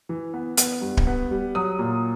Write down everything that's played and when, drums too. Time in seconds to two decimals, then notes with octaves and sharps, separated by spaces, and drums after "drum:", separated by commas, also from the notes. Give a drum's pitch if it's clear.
0.09 E3
0.34 B3
0.58 B3, drum: hi-hat
0.82 G2
0.97 drum: kick D1
1.07 B3
1.31 G3
1.55 F#3 D#6
1.79 A#2